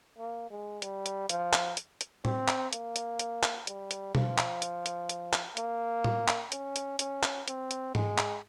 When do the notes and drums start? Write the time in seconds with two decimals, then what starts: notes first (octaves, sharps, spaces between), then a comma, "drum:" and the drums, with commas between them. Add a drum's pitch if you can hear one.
0.19 A#3
0.50 G#3
0.82 G3, drum: hi-hat
1.06 drum: hi-hat
1.29 F3, drum: hi-hat
1.53 drum: clap
1.77 drum: hi-hat
2.01 drum: hi-hat
2.25 C4, drum: tom A2
2.48 drum: clap
2.73 A#3, drum: hi-hat
2.96 drum: hi-hat
3.19 drum: hi-hat
3.43 drum: clap
3.67 G3, drum: hi-hat
3.91 drum: hi-hat
4.15 F3, drum: tom B2
4.38 drum: clap
4.62 drum: hi-hat
4.86 drum: hi-hat
5.09 drum: hi-hat
5.33 drum: clap
5.57 A#3, drum: hi-hat
6.04 drum: tom A2
6.28 drum: clap
6.52 C#4, drum: hi-hat
6.76 drum: hi-hat
6.99 C#4, drum: hi-hat
7.23 drum: clap
7.48 C4, drum: hi-hat
7.71 drum: hi-hat
7.95 G#3, drum: tom G#2
8.18 drum: clap